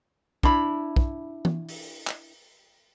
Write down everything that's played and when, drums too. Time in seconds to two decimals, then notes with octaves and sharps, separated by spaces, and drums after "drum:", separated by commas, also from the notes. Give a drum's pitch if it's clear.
0.43 D4 E4 B5, drum: kick
0.96 drum: kick
1.45 drum: tom E3
1.69 drum: open hi-hat
2.07 drum: clap